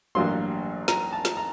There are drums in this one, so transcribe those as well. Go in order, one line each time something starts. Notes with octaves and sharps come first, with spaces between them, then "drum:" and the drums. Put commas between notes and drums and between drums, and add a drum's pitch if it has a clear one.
A1 G2 F#3 A#3 C6
A#5, drum: snare
A5
drum: snare
A#5